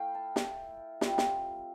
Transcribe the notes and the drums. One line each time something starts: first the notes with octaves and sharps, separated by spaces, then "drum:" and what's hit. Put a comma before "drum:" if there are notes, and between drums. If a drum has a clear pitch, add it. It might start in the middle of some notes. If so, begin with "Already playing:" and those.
Already playing: A3 E4 F5 G5
A5
A5, drum: snare
G3 C4 F4, drum: snare
drum: snare